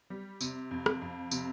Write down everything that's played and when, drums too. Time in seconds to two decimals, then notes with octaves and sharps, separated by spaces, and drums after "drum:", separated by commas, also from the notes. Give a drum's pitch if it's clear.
0.10 G3
0.41 C3, drum: tambourine
0.71 F2
0.86 drum: rim click
1.02 F2
1.31 C3, drum: tambourine